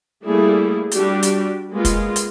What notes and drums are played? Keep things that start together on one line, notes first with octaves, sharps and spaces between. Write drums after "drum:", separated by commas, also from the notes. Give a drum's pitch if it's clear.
G3 A3 A#3 E4 G#4
G3 D4 F#4 G4, drum: hi-hat
drum: hi-hat
G#3 A#3 B3 F4
drum: kick, hi-hat
drum: hi-hat